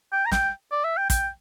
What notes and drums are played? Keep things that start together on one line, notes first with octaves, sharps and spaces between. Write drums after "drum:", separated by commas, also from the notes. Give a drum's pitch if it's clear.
G5
A#5
G5, drum: snare
D5
E5
G5
G5, drum: kick, hi-hat